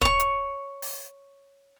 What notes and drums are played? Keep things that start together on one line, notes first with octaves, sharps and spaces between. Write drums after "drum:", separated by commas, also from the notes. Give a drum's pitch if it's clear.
C#5 C#6, drum: kick
drum: hi-hat
drum: open hi-hat